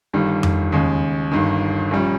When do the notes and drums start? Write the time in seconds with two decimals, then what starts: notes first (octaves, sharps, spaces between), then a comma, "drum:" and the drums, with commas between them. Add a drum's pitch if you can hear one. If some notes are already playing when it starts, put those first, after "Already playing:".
0.13 G1 G2 D#3 G3
0.43 drum: tom F2
0.72 D#2 C#3 G#3
1.32 G1 G2 D#3
1.91 A#1 A#2 G3 C#4